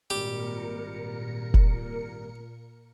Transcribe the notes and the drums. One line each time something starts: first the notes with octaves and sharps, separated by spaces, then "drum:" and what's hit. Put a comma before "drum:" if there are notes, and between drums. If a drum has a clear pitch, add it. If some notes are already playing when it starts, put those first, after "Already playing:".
G#1 A#2 G3 G4 A#4 C#7
drum: kick